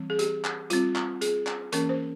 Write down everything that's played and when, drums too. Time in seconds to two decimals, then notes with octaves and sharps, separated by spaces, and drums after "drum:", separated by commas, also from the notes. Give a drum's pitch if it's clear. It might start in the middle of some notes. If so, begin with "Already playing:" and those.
Already playing: E3 G3 C4
0.10 G#4
0.19 G4, drum: hi-hat
0.45 drum: clap
0.70 G3 C4 F4, drum: hi-hat
0.96 drum: clap
1.21 G#4, drum: hi-hat
1.47 drum: clap
1.72 E3 A#3 C#4 A#4, drum: hi-hat
1.89 C5